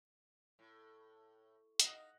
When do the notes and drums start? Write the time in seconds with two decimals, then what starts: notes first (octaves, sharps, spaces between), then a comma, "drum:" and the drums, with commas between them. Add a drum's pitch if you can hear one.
0.59 A2
1.80 D#4 D#5 F5 F#5, drum: hi-hat